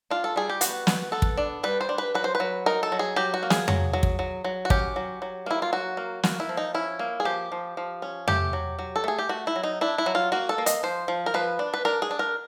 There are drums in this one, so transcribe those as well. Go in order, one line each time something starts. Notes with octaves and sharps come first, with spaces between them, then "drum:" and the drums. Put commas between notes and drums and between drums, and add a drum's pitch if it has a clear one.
D4 F4
A4
G3 G#4
G4
B3 F#4, drum: hi-hat
B3, drum: snare
B3 A4
drum: kick
D4
G3 B4
C5
D4
B4
F#3 B4
C5
B4
F#3
D#4 A#4
A4
F#3
G#4
F#3 G4
F#4
A#3
G#4, drum: snare
F#3, drum: tom F2
F#3
drum: kick
F#3
F#3
F#4
C#4 G4, drum: kick
F#3
F#3
A#3 E4
F4
F#3 F#4
A#3
A#3 F#4, drum: snare
E4
F3
D#4
C#4 E4
A#3
G#4
F3 G4
F3
F3
C#4
A3 G4, drum: tom F2
F#3
F#3
A4
A3 G#4
G4
A3 F#4
E4
F#3
D#4
D4 E4
E4
F#3
F4
A#3 F#4
A4
A#3
D#5, drum: hi-hat
F3 C5
F3
A#4
F3 B4
D4
B4
D4 A#4
G#4
D4
A#4